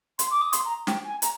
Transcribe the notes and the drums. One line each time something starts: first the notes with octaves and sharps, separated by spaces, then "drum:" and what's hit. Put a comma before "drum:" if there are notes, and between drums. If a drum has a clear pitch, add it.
C6, drum: hi-hat
D6
D#6
C6, drum: hi-hat
A#5
G5, drum: snare
G#5
A#5, drum: hi-hat